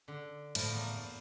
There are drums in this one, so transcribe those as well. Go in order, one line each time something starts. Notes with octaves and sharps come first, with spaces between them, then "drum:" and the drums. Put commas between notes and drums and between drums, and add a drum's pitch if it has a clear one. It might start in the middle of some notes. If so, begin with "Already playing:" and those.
D3
A2 F3, drum: cymbal
E2 A#4